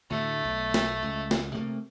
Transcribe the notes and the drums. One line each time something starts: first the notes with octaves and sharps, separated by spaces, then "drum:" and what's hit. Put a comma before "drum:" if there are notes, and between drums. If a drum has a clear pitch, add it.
D2 A2 D3 A3
B1
drum: snare
C#2
drum: snare
C3 A3 A#3